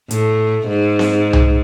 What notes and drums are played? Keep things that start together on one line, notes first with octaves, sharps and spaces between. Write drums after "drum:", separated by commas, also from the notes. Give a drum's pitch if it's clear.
A2, drum: hi-hat
G#2
drum: snare C4
drum: tom C2